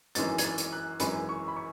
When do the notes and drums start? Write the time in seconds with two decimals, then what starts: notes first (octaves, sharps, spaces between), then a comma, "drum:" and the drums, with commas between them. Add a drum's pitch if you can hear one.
0.15 G#1 F#2 E3 G#3 A6, drum: hi-hat
0.38 G#6, drum: hi-hat
0.45 A6
0.58 drum: hi-hat
0.73 F#6
1.00 G#1 F#2 E3 G#3 B5, drum: hi-hat
1.29 C#6
1.48 B5
1.56 C#6